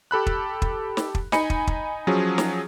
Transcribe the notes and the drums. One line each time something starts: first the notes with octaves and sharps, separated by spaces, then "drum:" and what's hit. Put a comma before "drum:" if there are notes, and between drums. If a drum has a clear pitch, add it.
G4 A4 B5 F#6
drum: kick
drum: kick
drum: snare
drum: kick
D#4 D#5 G#5 B5 C#7, drum: snare
drum: kick
drum: kick
F3 F#3 C#4 G#4
drum: snare